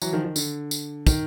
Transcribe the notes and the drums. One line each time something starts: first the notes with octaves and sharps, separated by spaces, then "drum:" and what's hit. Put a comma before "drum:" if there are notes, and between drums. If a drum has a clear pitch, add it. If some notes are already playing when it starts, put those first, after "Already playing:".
E3 F#3, drum: tambourine
D#3 F3
D#3
D3, drum: tambourine
drum: tambourine
D#3, drum: kick, tambourine